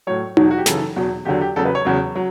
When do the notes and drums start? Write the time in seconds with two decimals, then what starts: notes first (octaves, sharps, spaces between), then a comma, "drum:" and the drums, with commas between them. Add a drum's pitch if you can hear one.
0.07 A2 F#3 C#5
0.37 E2 B2 F#3, drum: tom D#4
0.51 F#4
0.58 G4
0.66 F#2 C#3 E3 A4, drum: snare
0.96 E2 B2 F#3
1.25 E2 D3 F#3 G4
1.41 G4
1.56 E2 C#3 F#3 A4
1.65 B4
1.75 C#5
1.85 E2 C#3 F#3
2.15 F#3